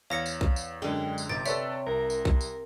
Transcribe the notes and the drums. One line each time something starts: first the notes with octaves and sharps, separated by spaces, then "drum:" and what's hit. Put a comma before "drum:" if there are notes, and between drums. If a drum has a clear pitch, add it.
E2 C#5 F5 A#6 C#7
drum: tambourine
drum: kick B1
drum: tambourine
F#2 D3 G#3 D4 G5
drum: tambourine
G1 C3 D#4 D6 A6 D7
A4 B4 C#5 D5 E5, drum: tambourine
C2 A#4
drum: tambourine
drum: kick B1
drum: tambourine